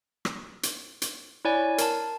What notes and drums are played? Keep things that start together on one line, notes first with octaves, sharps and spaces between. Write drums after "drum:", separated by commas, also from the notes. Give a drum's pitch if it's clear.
drum: rim click
drum: hi-hat
drum: hi-hat
E4 C#5 D5 G#5
A#4 A5, drum: hi-hat